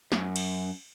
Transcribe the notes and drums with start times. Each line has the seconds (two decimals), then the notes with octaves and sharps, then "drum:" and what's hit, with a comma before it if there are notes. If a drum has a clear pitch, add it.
0.12 F#2, drum: snare
0.36 drum: cymbal